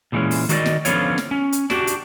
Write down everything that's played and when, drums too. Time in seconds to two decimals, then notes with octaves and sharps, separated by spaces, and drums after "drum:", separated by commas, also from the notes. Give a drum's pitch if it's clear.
0.12 A#2 D3 E3 G3 G#3 C#4
0.31 drum: open hi-hat
0.49 D#3 F#4 G#4 A#4 D5 D#5, drum: hi-hat
0.66 drum: snare
0.85 D3 F3 B3 C#4 F4 C#5, drum: hi-hat
1.18 drum: snare
1.31 C#4
1.52 drum: hi-hat
1.70 D4 F#4 G4, drum: snare
1.87 drum: hi-hat